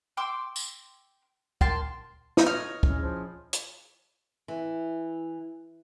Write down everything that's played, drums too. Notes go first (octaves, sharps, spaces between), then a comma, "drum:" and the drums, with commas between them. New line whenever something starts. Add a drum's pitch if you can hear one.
G5 C6 D6 E6
drum: tambourine
A#3 G5 A5 C6, drum: kick
drum: snare
C#5 D#5 F6
C#4 E4, drum: kick
F3 C#4 G#4
drum: hi-hat
E3